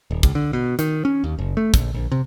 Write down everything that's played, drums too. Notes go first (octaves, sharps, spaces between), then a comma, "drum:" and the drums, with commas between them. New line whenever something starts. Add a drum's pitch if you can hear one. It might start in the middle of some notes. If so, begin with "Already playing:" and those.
D#1
C#2, drum: kick, hi-hat
D3
B2
D#3, drum: hi-hat
C#4
D#2
F#1
A3
A#1, drum: kick, hi-hat
A#1
C3